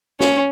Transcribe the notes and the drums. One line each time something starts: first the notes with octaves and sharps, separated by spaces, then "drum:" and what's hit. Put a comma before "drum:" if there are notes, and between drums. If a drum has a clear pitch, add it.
C#4, drum: snare